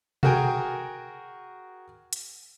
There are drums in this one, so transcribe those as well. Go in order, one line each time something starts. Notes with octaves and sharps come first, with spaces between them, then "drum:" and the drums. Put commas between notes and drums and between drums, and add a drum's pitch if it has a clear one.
F#4 G#4 A#4 G5 G#5, drum: tom B2
drum: hi-hat